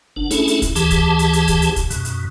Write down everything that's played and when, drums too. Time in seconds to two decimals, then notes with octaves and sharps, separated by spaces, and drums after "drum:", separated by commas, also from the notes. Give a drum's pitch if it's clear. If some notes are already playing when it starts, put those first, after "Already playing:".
0.16 F#1 D4
0.31 A3 C#4 D4 E4 G#4 A4, drum: hi-hat
0.48 drum: hi-hat
0.62 drum: kick, hi-hat
0.76 D2 E3 G4 G#4 A5, drum: hi-hat
0.90 drum: kick, hi-hat
1.19 drum: hi-hat
1.33 drum: hi-hat
1.48 drum: kick, hi-hat
1.62 drum: hi-hat
1.76 drum: kick, hi-hat
1.90 F#2 B2, drum: hi-hat
2.05 drum: hi-hat